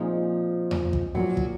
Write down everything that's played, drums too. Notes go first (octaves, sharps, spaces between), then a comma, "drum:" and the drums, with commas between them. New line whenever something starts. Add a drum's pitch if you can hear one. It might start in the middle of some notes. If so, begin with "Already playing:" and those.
Already playing: A#2 F3 G#3 C4 D#4 G#4
drum: tom E2
drum: kick
A#2 F3 F#3 A#3
drum: kick